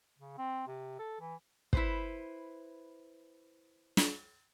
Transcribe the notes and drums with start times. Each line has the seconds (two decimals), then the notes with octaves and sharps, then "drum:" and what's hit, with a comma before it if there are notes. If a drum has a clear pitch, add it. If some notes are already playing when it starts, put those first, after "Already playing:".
0.19 C#3
0.38 C4
0.68 C3
0.99 A4
1.20 E3
1.73 E4 B4 C5, drum: kick
3.97 drum: snare